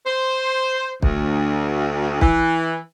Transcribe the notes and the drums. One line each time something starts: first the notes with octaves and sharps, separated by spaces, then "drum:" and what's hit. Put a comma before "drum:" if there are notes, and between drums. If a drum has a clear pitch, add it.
C5
D2, drum: kick
E3, drum: kick